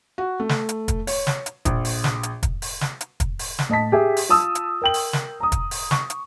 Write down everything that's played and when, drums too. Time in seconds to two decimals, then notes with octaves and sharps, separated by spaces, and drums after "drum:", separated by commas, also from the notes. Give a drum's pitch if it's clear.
0.18 F#4
0.40 A3
0.49 drum: snare
0.69 drum: hi-hat
0.88 drum: kick, hi-hat
1.07 C#5, drum: open hi-hat
1.27 drum: snare
1.46 drum: hi-hat
1.65 A#1, drum: kick, hi-hat
1.85 drum: open hi-hat
2.04 drum: snare
2.23 drum: hi-hat
2.43 drum: kick, hi-hat
2.62 drum: open hi-hat
2.81 drum: snare
3.01 drum: hi-hat
3.20 drum: kick, hi-hat
3.39 drum: open hi-hat
3.59 drum: snare
3.69 A2 D#5 A5 B6
3.92 G4 G#4 E5
4.17 drum: open hi-hat
4.29 F4 A5 D#6 E6
4.55 drum: hi-hat
4.82 A#4 G5 F#7
4.94 drum: open hi-hat
5.13 drum: snare
5.40 A#5 D#6
5.52 drum: kick, hi-hat
5.71 drum: open hi-hat
5.91 C#6, drum: snare
6.10 drum: hi-hat